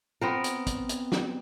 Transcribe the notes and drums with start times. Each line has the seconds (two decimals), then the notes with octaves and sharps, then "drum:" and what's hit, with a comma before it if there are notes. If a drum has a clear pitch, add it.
0.21 B3 C4 A#4
0.44 drum: hi-hat
0.67 drum: kick, hi-hat
0.89 drum: hi-hat
1.12 drum: snare